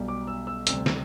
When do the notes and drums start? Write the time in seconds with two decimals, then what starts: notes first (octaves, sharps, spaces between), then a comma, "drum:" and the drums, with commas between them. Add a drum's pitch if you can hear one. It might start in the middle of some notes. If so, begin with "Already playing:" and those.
Already playing: B1 B2 G3
0.08 D6
0.27 E6
0.47 E6
0.67 D2 C3 G3 E6, drum: hi-hat
0.86 drum: snare